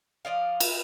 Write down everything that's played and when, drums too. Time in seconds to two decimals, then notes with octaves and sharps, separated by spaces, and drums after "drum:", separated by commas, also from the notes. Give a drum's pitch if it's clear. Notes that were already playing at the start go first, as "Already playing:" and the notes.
0.25 F3 D5 D#5 F5
0.60 drum: cymbal